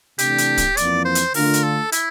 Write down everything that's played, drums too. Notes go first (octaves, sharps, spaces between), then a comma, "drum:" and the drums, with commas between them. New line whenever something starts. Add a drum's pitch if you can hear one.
C3 E3 A3 D4 G4, drum: hi-hat
drum: hi-hat
drum: kick D1, hi-hat
F2 E3 A#3 D5, drum: hi-hat
C5
drum: hi-hat
D3 A3 D4 F4 A#4, drum: open hi-hat
drum: hi-hat
A4
E4, drum: hi-hat